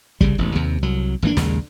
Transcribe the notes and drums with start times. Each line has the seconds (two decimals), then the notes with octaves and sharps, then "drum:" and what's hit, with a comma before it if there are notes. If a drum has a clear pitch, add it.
0.21 C2 C#3 G3, drum: kick
0.38 E1 A1
0.55 D#2 C3
0.82 C2 F#3
1.22 G#1 E3 A#3 D4
1.37 A#1 D#2 C#3 G#3, drum: snare